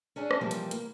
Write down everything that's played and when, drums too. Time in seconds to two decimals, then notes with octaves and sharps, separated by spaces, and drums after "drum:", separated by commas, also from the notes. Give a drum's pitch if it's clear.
0.16 C#4 D4 G#4 A4
0.31 drum: rim click
0.41 C3 E3 F3 G3 A#3 C4
0.51 drum: hi-hat
0.71 A#3, drum: hi-hat